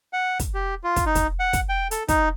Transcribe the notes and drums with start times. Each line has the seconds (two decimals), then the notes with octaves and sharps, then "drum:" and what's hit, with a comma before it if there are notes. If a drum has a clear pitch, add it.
0.13 F#5
0.39 drum: kick, hi-hat
0.54 G4
0.84 F4
0.96 drum: kick, hi-hat
1.06 D#4
1.15 drum: kick, hi-hat
1.40 F#5
1.53 drum: kick, hi-hat
1.69 G5
1.91 A4, drum: hi-hat
2.08 D#4, drum: kick, hi-hat